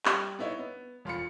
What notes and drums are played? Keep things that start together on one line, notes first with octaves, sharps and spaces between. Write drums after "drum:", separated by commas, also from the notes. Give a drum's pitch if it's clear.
G3, drum: clap
B3 D#4 E4 C#5
B3
E1 F4 B5 C#7